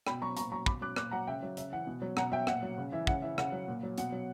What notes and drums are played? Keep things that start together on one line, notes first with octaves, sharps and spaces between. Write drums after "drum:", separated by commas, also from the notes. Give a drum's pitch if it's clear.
B2 G5 B5, drum: rim click
F#3 A#5 C#6
A#2 A#5 C#6, drum: hi-hat
F#3 A#5 C#6
B2 B5 D6, drum: kick
F#3 D6 F#6
A#2 D6 F#6, drum: rim click
F#3 F#5 A#5
C#3 E5 G5
F#3
C#3 E5, drum: hi-hat
E3 F#5
B2
F#3
B2 F#5 A#5, drum: rim click
F#3 E5 G5
A#2 F#5, drum: rim click
F#3
C#3
E3 E5
C#3 F#5, drum: kick
E3 E5
C#3 F#5, drum: rim click
F#3
A#2
F#3
B2 F#5, drum: hi-hat
F#3